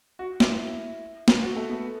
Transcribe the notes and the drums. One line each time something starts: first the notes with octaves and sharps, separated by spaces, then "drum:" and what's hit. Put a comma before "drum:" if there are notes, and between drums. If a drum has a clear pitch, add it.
F#4
E4, drum: snare
drum: snare
F#4
A3 A4
B3 B4